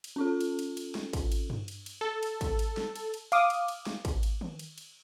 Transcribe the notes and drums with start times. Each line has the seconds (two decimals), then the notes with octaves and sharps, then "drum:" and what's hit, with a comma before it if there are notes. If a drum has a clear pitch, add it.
0.04 drum: cymbal
0.16 C#4 F4 A4
0.41 drum: cymbal
0.59 drum: cymbal
0.77 drum: cymbal
0.95 drum: snare
1.13 drum: kick, cymbal
1.32 drum: cymbal
1.50 drum: tom G2
1.68 drum: cymbal
1.86 drum: cymbal
2.01 A4
2.23 drum: cymbal
2.41 drum: kick, cymbal
2.59 drum: cymbal
2.77 drum: snare
2.95 drum: cymbal
3.14 drum: cymbal
3.32 F5 D6 D#6, drum: cymbal
3.50 drum: cymbal
3.68 drum: cymbal
3.87 drum: snare
4.05 drum: kick, cymbal
4.23 drum: cymbal
4.41 drum: tom D#3
4.59 drum: cymbal
4.78 drum: cymbal